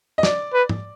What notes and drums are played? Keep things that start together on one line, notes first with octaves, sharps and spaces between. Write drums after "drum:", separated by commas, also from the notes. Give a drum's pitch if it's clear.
D#5
D5, drum: snare
B4
drum: tom G#2